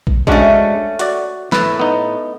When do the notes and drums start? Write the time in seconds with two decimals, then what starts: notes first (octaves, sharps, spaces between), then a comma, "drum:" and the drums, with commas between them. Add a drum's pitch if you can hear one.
0.07 drum: kick
0.27 G#3 A3 C#4 D4 F#4, drum: kick
0.99 F#4 D5, drum: hi-hat
1.52 A2 B4, drum: snare
1.79 B3 D#4